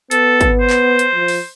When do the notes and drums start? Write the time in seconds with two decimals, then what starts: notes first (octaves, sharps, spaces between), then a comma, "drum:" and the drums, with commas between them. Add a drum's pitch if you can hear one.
0.11 B3 A4, drum: hi-hat
0.41 drum: kick, hi-hat
0.61 C5
0.70 drum: clap
0.99 drum: hi-hat
1.15 F3
1.28 drum: open hi-hat